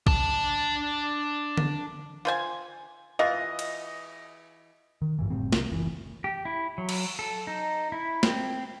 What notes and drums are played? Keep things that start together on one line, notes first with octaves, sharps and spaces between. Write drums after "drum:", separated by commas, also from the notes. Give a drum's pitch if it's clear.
D4 A5, drum: kick
drum: tom D3
F4 C5 G#5
E3 F4 D#5
drum: cymbal
D#3
A1 G2 C3 E3
F#1 A2 G3 C4
C2, drum: snare
F#1 E3
G4
E4
F#3
drum: cymbal
A4
D#4
E4
C4, drum: snare